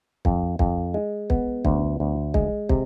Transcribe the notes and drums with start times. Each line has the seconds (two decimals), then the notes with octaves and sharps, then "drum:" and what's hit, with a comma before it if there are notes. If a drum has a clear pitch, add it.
0.25 F2, drum: kick
0.59 F2, drum: kick
0.94 G#3
1.30 B3, drum: kick
1.65 D2, drum: kick
2.00 D2
2.34 G#3, drum: kick
2.69 C3, drum: kick